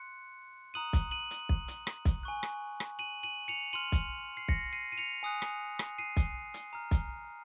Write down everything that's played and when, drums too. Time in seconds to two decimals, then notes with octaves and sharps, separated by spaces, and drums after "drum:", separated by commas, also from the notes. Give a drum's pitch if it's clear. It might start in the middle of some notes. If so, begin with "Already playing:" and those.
Already playing: C6 F#6 C#7
0.74 A#5 D#6 F#6 D#7 F#7
0.93 drum: kick, hi-hat
1.11 D#7 F#7
1.31 drum: hi-hat
1.49 drum: kick
1.68 drum: hi-hat
1.87 drum: rim click
2.05 drum: kick, hi-hat
2.23 G#5 C#6 F#6
2.43 drum: rim click
2.80 drum: rim click
2.99 D#7 F#7
3.23 D#7 F#7
3.48 C#7 F7
3.73 C6 F6 D#7 F#7
3.92 drum: kick, hi-hat
4.37 C7
4.48 A#6 C#7, drum: kick
4.73 C7 D#7
4.92 D#7
4.98 C#7 F7
5.23 G#5 D#6 F#6
5.42 drum: rim click
5.79 drum: rim click
5.98 C7 D#7
6.17 drum: kick, hi-hat
6.54 drum: hi-hat
6.73 A#5 F6
6.91 drum: kick, hi-hat